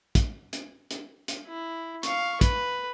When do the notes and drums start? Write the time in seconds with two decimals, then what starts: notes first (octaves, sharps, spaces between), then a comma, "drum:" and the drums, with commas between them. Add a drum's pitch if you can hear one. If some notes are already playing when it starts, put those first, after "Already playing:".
0.15 drum: kick, hi-hat
0.53 drum: hi-hat
0.91 drum: hi-hat
1.28 drum: hi-hat
1.47 E4
2.03 F5 C#6, drum: hi-hat
2.41 B4, drum: kick, hi-hat